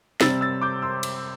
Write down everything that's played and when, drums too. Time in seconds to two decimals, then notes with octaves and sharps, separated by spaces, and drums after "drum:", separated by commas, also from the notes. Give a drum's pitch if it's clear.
0.21 C3 G3 C4 E6 A6, drum: snare
0.41 E6 A6
0.62 D6 G6
0.82 C6 E6
1.03 drum: cymbal